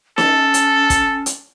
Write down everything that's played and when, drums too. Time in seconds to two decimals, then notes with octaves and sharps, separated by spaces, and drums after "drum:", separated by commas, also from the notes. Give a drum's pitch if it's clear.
0.18 C#4 A4, drum: snare
0.54 drum: hi-hat
0.90 drum: kick, hi-hat
1.26 drum: hi-hat